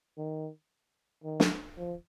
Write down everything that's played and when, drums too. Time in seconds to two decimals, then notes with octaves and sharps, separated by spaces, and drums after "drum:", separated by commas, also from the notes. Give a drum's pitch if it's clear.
0.17 D#3
1.24 D#3
1.40 drum: snare
1.77 F3